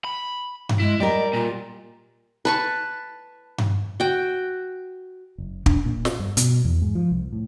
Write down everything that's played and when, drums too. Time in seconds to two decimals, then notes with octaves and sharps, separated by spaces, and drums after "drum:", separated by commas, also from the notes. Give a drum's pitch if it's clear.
0.05 B5
0.69 drum: tom G2
0.80 G#3 E4
1.00 G3 A#4 D5 D#5
1.33 A#2 F4
2.45 B4 A5 C#6
3.58 drum: tom G2
4.00 F#4 G5
5.38 F#1
5.66 D4, drum: kick
5.85 A#2
6.05 drum: snare
6.19 G2
6.37 B2, drum: hi-hat
6.65 E2
6.82 G#2
6.95 F3
7.11 C2
7.33 A2